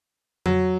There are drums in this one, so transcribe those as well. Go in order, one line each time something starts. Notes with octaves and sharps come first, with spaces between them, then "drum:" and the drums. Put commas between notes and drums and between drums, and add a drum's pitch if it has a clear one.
F#3, drum: tom F2